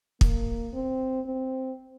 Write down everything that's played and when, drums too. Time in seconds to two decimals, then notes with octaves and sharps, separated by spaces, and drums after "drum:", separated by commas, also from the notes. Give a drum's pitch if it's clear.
0.21 A#3, drum: kick
0.74 C4
1.26 C4